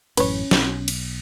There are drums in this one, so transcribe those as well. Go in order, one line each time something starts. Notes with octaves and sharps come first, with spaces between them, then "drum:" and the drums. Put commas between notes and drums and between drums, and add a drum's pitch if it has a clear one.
A1 F#2 A2 C#4 B4 C#5, drum: cymbal
B1, drum: snare
drum: cymbal